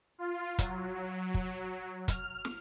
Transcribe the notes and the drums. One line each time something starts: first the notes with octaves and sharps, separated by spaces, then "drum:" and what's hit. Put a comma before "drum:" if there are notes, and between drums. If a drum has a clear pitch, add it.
F4
F#3, drum: kick, hi-hat
drum: kick
F6, drum: kick, hi-hat
drum: snare